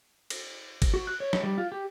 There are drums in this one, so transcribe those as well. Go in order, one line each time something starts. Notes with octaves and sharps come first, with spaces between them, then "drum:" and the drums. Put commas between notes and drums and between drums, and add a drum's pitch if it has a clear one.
drum: cymbal
drum: kick, cymbal
F#4
F#6
C#5
drum: snare
G3
F4
G4